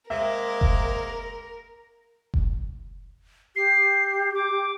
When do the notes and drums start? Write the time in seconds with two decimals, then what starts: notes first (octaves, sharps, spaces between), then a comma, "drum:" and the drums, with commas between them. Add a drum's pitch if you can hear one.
0.10 G#3 A#3 C4 A#4 E5
0.61 drum: kick F1
2.34 drum: kick F1
3.56 G4 C7
4.35 D6